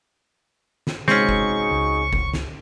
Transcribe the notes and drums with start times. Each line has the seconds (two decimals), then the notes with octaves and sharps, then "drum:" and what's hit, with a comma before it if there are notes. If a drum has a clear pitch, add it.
0.87 drum: snare
1.08 C3 G#3 C4 C#4 D#4 F#4 G#4 C#6, drum: snare
1.29 drum: kick F#1
1.72 C#2
2.13 drum: kick F#1
2.34 drum: snare